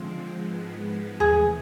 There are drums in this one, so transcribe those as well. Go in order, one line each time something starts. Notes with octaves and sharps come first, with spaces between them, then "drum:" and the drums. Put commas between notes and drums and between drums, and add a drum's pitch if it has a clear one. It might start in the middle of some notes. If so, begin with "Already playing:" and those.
Already playing: D3 F3 G#3 C4 F4
G#2 F3 G#3 B3
C3 E3 A3 G#4, drum: tom D#2